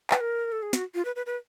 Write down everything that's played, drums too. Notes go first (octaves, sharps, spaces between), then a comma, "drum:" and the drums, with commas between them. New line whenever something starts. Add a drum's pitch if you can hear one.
B4, drum: clap
A#4
A4
G#4
F#4, drum: snare
F4
B4
B4
B4